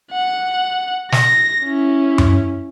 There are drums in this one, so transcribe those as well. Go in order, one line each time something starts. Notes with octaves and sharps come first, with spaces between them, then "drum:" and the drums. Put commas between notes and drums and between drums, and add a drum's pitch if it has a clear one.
F#5
A#6, drum: snare
C#4 E4
drum: tom F#2